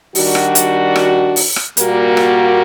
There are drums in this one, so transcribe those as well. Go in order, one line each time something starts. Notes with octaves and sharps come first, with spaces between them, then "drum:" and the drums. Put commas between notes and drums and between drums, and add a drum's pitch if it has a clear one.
D#3 G3 D4 F#4, drum: open hi-hat
drum: rim click
drum: hi-hat
drum: rim click
drum: open hi-hat
drum: rim click
A#2 G3 A#3 F#4, drum: hi-hat
drum: rim click